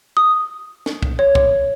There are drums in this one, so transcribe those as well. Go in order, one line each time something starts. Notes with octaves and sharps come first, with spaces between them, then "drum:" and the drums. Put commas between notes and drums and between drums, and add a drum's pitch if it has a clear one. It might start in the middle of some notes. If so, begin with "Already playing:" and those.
D#6
drum: snare
drum: kick
C#5
drum: kick